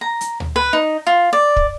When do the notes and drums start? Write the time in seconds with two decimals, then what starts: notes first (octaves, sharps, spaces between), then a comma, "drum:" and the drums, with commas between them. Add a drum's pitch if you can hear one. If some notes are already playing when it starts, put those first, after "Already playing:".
0.01 A#5
0.21 drum: hi-hat
0.40 drum: tom D2
0.56 B4
0.73 D#4
1.07 F4
1.33 D5
1.56 drum: kick